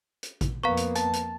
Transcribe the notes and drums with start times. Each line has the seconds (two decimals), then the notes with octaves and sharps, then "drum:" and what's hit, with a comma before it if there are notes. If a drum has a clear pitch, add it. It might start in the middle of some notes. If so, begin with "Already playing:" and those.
0.23 drum: hi-hat
0.41 drum: kick A1, hi-hat
0.63 F2 A#3 B3 F5 A#5 C#6
0.77 drum: hi-hat
0.95 A5, drum: hi-hat
1.13 drum: hi-hat